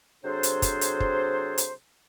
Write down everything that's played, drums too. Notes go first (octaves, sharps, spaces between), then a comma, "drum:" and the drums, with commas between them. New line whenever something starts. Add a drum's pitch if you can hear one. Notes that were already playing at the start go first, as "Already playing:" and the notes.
C3 F#3 D4 G#4 A4 C5
drum: hi-hat
drum: kick, hi-hat
drum: hi-hat
drum: kick
drum: hi-hat